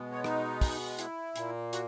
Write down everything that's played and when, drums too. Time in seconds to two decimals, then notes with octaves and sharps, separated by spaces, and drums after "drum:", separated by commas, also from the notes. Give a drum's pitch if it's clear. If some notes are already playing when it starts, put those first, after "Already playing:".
Already playing: B2 G#3 B3
0.12 C#5
0.24 D#4, drum: rim click
0.61 drum: kick, open hi-hat
0.99 E4, drum: hi-hat
1.36 A#2 A#3, drum: hi-hat
1.73 F#4, drum: hi-hat